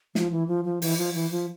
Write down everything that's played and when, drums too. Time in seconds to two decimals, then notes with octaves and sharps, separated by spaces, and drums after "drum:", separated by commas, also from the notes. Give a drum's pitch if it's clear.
0.15 F3, drum: snare
0.31 E3
0.48 F3
0.65 F3
0.82 E3, drum: open hi-hat
0.98 F3
1.14 E3
1.31 F3